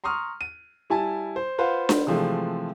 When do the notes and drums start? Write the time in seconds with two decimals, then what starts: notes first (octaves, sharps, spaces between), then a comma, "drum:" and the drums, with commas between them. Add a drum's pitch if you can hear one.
0.04 A#5 C6 C#6 D#6 F6
0.41 D#7
0.90 G3 E4 G#5 A5
1.36 C5
1.58 F4 B4 C5 F5 F#5
1.89 drum: snare D4
2.07 C3 E3 F3 G#3 A3